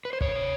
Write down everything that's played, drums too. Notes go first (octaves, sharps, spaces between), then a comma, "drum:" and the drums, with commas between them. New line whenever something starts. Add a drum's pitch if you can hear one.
B4
C5
C3 C#5, drum: kick
C3